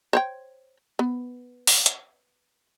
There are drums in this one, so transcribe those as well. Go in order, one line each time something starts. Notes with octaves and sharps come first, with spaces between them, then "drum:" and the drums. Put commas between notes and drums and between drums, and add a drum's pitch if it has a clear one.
C5 C#5 G5
B3
drum: open hi-hat
drum: hi-hat